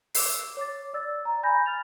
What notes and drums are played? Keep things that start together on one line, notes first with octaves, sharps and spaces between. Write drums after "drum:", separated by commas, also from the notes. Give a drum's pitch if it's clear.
D6 E6 C7, drum: open hi-hat
C#5 D6 A6
D5 E6 A6
A#5
G#5 B5 G6 A#6
F6 A6 F7